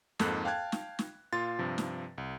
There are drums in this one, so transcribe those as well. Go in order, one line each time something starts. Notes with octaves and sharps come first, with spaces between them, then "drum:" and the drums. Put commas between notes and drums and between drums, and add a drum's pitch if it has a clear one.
F2 G#2 A#3 A4 F#6, drum: snare
F5 G5 A5 F#6 G#6
drum: snare
drum: snare
A#2 F4 C6 A6
G2 C3 F3
drum: snare
C2